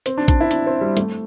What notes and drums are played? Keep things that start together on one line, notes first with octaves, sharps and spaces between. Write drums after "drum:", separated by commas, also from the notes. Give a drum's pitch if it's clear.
C4, drum: hi-hat
D4
D4, drum: kick A#1, hi-hat
E4
D4, drum: hi-hat
C4
G3
A3, drum: hi-hat